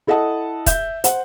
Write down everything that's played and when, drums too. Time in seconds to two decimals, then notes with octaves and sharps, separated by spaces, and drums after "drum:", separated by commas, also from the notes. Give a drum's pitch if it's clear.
0.07 E4 A4 D#5 F#5 A5 D#6
0.66 E5 G6, drum: kick, hi-hat
1.04 C5 F#5, drum: hi-hat